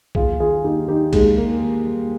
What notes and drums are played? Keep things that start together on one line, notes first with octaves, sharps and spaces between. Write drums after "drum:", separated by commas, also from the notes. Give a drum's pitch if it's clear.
D#2 F4 G#4, drum: kick A#1
D#3 F4 G#4
D#2 D#4 G4
D#3 D#4 G4
D#2 G#3, drum: kick A#1, cymbal
D#2 A#3
D#2
G3